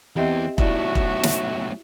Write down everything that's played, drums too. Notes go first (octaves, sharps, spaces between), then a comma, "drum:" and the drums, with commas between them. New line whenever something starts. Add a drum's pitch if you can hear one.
E2 C4 G4 D#5 E5
B1 A2 E4 F#4 D5 E5, drum: kick
drum: kick
drum: snare